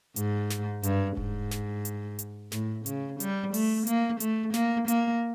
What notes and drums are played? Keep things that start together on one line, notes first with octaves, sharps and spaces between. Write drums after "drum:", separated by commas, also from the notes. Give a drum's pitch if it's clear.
G#2, drum: hi-hat
drum: snare
G2, drum: hi-hat
G#2, drum: kick E1
drum: snare
drum: hi-hat
drum: hi-hat
A2, drum: snare
C#3, drum: hi-hat
G3, drum: hi-hat
A3, drum: open hi-hat
A#3, drum: hi-hat
A3, drum: hi-hat
A#3, drum: snare
A#3, drum: hi-hat